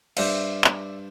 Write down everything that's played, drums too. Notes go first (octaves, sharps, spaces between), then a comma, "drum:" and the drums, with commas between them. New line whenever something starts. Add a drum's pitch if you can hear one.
G2 C5 D5 E5 F5, drum: cymbal
drum: clap